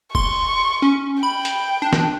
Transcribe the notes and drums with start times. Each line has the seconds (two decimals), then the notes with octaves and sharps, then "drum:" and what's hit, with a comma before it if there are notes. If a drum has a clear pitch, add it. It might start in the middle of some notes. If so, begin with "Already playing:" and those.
0.15 C6 C#6, drum: kick
0.82 C#4
1.23 G5 B5
1.45 drum: hi-hat
1.82 D4
1.93 drum: snare